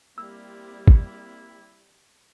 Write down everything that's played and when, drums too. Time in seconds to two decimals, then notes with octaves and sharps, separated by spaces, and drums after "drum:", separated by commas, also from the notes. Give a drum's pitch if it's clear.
0.18 G3 A#3 C4 E4 G4 E6
0.88 drum: kick